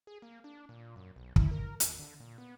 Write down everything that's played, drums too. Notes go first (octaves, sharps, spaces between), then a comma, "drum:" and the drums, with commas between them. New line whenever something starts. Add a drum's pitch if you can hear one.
G#4
A#3
D4
A#2
F#2
B1
E4, drum: kick
A#4
D#2, drum: hi-hat
D3
A#2
B3